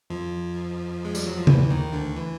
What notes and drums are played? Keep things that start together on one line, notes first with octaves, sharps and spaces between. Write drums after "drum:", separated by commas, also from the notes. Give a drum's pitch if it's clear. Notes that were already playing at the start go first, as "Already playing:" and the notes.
F2 F3
G#3
G3, drum: tambourine
F#3
F3
E2 E3, drum: tom C#3
D#2 D#3
D2 D3
E3